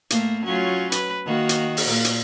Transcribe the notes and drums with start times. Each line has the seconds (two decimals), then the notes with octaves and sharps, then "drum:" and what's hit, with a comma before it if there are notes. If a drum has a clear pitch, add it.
0.10 A2 A3 A#3, drum: hi-hat
0.44 F#3 C#4 F4
0.92 B4, drum: hi-hat
1.25 D#3 A#3 F#4
1.49 drum: hi-hat
1.77 drum: open hi-hat
1.88 A#2
2.05 drum: hi-hat